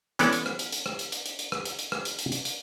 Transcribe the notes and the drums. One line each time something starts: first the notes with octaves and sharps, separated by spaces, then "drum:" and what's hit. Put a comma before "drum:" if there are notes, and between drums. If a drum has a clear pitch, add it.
E3 G#3 B3 C#4 A4 D5, drum: hi-hat
drum: hi-hat
drum: rim click
drum: hi-hat
drum: hi-hat
drum: rim click
drum: hi-hat
drum: hi-hat
drum: hi-hat
drum: hi-hat
drum: rim click
drum: hi-hat
drum: hi-hat
drum: rim click
drum: hi-hat
drum: hi-hat
drum: hi-hat
drum: hi-hat